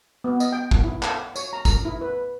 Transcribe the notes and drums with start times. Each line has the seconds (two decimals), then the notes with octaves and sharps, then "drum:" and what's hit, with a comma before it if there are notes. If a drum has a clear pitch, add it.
0.24 B3
0.40 D#5, drum: tambourine
0.52 G5
0.71 drum: kick
0.84 E4
1.03 drum: clap
1.36 C#5, drum: tambourine
1.53 A#5
1.65 A#5, drum: kick, tambourine
1.85 E4
2.01 B4